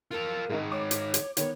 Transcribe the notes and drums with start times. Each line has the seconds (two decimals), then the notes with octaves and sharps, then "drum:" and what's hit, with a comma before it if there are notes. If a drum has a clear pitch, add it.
0.11 F4 A4 A#4
0.50 G#2 D#3 G#3 D#4
0.72 C#5 D6
0.91 drum: hi-hat
1.14 drum: hi-hat
1.37 D#3 B3 C#5, drum: hi-hat